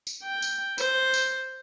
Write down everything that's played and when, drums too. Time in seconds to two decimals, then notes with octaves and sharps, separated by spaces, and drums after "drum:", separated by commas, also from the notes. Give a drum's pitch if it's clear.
0.07 drum: tambourine
0.23 G5
0.42 drum: tambourine
0.78 C5, drum: tambourine
1.14 drum: tambourine